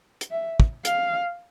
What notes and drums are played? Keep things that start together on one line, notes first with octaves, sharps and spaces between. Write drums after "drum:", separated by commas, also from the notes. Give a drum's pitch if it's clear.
drum: hi-hat
E5
drum: kick
F5, drum: hi-hat